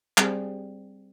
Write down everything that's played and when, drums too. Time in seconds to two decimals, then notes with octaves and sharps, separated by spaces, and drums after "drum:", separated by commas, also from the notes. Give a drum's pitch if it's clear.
0.18 G3 C4 G#4, drum: clap